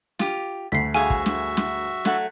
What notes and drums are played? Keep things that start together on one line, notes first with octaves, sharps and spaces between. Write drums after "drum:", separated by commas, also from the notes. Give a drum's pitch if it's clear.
F4 G4, drum: snare
D2 A3 B6 C7
G2 F#4 G#4 E5 F5 G#5
drum: kick
drum: snare
drum: snare
F#3 A3 F#5, drum: snare